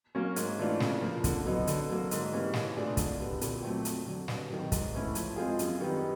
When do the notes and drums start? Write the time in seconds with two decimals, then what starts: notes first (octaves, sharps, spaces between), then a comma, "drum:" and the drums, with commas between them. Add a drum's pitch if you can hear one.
0.15 F#3 A#3 C#4
0.36 G#2, drum: hi-hat
0.59 E3 A3 D4 F4
0.80 C#3, drum: snare
1.02 F3 A#3
1.24 D3, drum: kick, hi-hat
1.45 F#3 B3 D#4
1.67 D3, drum: hi-hat
1.89 F#3 A#3
2.11 G#2, drum: hi-hat
2.32 E3 G3 A#3 C#4
2.53 E3, drum: snare
2.76 A3 D4 F4 G#4
2.97 D3, drum: kick, hi-hat
3.20 G3 B3
3.41 A#2, drum: hi-hat
3.63 F#3 A3 C4
3.85 F2, drum: hi-hat
4.06 D3 F#3
4.28 G2, drum: snare
4.50 D#3 F#3
4.72 G#2, drum: kick, hi-hat
4.93 E3 A3 C#4 E4
5.15 F3, drum: hi-hat
5.36 G#3 C4 F4 G#4
5.59 F#2, drum: hi-hat
5.80 D#3 G3 B3